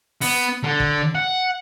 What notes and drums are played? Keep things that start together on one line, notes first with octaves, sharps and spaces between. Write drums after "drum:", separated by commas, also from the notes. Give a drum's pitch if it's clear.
B3, drum: open hi-hat
D3
drum: kick
F#5